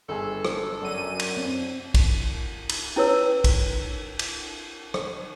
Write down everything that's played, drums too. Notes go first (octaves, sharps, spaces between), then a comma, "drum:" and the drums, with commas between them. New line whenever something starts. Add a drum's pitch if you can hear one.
G1 G#4 A4
drum: rim click
F#2 D5 D#7
drum: cymbal
C4
drum: kick, cymbal
drum: cymbal
C#4 E4 B4 C#5 E6
drum: kick, cymbal
drum: cymbal
drum: rim click